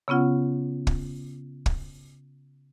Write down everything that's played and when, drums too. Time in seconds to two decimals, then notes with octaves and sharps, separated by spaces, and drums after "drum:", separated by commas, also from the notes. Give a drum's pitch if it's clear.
0.08 C#3 B3 C#4 F4 F#5
0.87 drum: kick
1.66 drum: kick